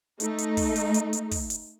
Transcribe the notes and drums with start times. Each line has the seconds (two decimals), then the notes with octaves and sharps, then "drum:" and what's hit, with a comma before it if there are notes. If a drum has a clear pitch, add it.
0.20 A3 D#4, drum: hi-hat
0.38 drum: hi-hat
0.57 drum: kick, open hi-hat
0.76 drum: hi-hat
0.94 drum: hi-hat
1.13 drum: hi-hat
1.31 drum: kick, open hi-hat
1.50 drum: hi-hat